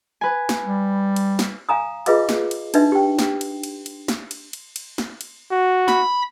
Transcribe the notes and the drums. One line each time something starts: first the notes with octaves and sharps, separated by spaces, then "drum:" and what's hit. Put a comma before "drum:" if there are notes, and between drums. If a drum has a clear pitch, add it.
B4 G#5
drum: snare
G3
drum: cymbal
drum: snare
F5 G#5 A#5 D#6
F4 G#4 B4 D#5 F5 D6, drum: cymbal
drum: snare
drum: cymbal
D4 D#4 B4 E5, drum: cymbal
G4 G5
drum: snare
drum: cymbal
drum: cymbal
drum: cymbal
drum: snare
drum: cymbal
drum: cymbal
drum: cymbal
drum: snare
drum: cymbal
F#4
B5, drum: snare